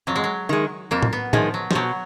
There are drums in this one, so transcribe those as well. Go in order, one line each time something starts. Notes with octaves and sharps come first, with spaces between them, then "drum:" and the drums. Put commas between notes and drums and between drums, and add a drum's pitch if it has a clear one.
F2 F#3
G#3
F#3
D#3 G#3
F2 A#3
drum: tom A2
B3
D#3 F3 G#3, drum: tom A2
F#3
B2 F3 F#3, drum: snare